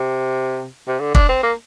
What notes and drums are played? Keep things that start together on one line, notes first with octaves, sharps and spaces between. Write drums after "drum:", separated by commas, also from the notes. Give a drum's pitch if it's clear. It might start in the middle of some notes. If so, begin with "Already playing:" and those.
Already playing: C3
C3
D3
D4, drum: kick
C4
A#3